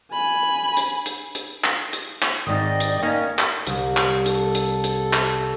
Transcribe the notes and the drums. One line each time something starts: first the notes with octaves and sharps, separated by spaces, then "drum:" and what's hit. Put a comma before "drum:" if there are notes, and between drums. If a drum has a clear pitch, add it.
G#5 B5
drum: hi-hat
drum: hi-hat
drum: hi-hat
drum: clap
drum: hi-hat
drum: clap
G#1 G#2 D5 D#5 G5
drum: hi-hat
A#3 C#4 D#4
drum: clap
C2, drum: hi-hat
drum: clap
A4, drum: hi-hat
drum: hi-hat
drum: hi-hat
drum: clap